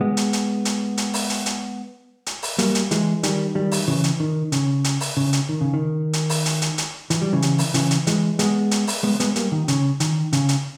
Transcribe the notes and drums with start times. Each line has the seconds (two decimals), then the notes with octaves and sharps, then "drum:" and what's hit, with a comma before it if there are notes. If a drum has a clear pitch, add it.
0.01 G#3 B3
0.17 drum: hi-hat
0.33 drum: hi-hat
0.65 drum: hi-hat
0.97 drum: hi-hat
1.14 drum: open hi-hat
1.30 drum: hi-hat
1.46 drum: hi-hat
2.26 drum: hi-hat
2.43 drum: open hi-hat
2.59 G3 A#3, drum: hi-hat
2.75 drum: hi-hat
2.91 E3 G#3, drum: hi-hat
3.23 D#3 G3, drum: hi-hat
3.55 D#3 G3
3.72 drum: open hi-hat
3.88 C#3 E3
4.04 drum: hi-hat
4.20 D#3
4.52 C#3, drum: hi-hat
4.84 drum: hi-hat
5.01 drum: open hi-hat
5.17 C#3
5.33 drum: hi-hat
5.49 D#3
5.61 C#3
5.74 D#3
6.13 drum: hi-hat
6.29 drum: open hi-hat
6.46 drum: hi-hat
6.62 drum: hi-hat
6.78 drum: hi-hat
7.10 E3, drum: hi-hat
7.22 G3
7.33 C#3 E3
7.42 drum: hi-hat
7.58 drum: open hi-hat
7.74 C#3 E3, drum: hi-hat
7.91 drum: hi-hat
8.07 E3 G#3, drum: hi-hat
8.39 G#3 B3, drum: hi-hat
8.71 drum: hi-hat
8.87 drum: open hi-hat
9.03 G#3 B3
9.20 G#3 B3, drum: hi-hat
9.36 G3 A#3, drum: hi-hat
9.52 D#3
9.68 C#3, drum: hi-hat
10.00 D#3, drum: hi-hat
10.33 C#3, drum: hi-hat
10.49 drum: hi-hat